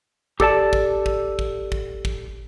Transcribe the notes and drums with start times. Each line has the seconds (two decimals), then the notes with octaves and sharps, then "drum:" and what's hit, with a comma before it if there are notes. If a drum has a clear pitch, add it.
0.40 G4 A4 D5 A5, drum: kick
0.73 drum: kick
1.06 drum: kick
1.39 drum: kick
1.72 drum: kick
2.05 drum: kick